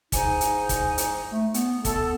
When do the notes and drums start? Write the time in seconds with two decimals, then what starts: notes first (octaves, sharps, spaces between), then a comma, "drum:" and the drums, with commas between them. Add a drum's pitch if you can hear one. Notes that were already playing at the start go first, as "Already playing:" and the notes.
0.12 G#2 D#4 G#5, drum: kick, hi-hat
0.41 drum: hi-hat
0.69 drum: kick, hi-hat
0.98 drum: hi-hat
1.31 A3
1.54 B3, drum: hi-hat
1.85 A4, drum: kick, hi-hat